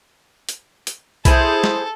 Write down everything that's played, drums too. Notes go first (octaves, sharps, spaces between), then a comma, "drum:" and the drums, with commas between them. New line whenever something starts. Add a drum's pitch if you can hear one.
drum: hi-hat
drum: hi-hat
E4 G#4 A4 C5, drum: kick B1, hi-hat
drum: snare